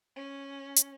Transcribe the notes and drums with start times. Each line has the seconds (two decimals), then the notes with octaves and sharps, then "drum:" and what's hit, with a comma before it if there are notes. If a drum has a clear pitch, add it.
0.16 C#4
0.76 drum: hi-hat